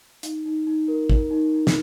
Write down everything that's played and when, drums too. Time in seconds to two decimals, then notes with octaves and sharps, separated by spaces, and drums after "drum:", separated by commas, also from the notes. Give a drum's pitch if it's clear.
0.23 D#4, drum: hi-hat
0.45 D#4
0.67 D#4
0.88 A#4
1.09 A#4, drum: kick
1.31 D#4
1.53 D#4
1.67 drum: snare